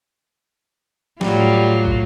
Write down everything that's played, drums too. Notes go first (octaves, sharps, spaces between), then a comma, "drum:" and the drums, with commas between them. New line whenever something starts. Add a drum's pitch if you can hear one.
A2 F#3 G3 F4, drum: snare
drum: kick